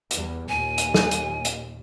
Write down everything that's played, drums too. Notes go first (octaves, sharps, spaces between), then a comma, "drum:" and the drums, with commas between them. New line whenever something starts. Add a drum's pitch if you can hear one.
E2 G3, drum: hi-hat
D#2 A#2 G#5
drum: hi-hat
drum: snare
drum: hi-hat
drum: hi-hat